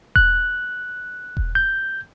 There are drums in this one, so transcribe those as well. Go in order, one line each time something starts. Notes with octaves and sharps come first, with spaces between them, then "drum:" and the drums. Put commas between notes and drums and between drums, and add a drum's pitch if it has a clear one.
F#6, drum: kick E1
drum: kick E1
G6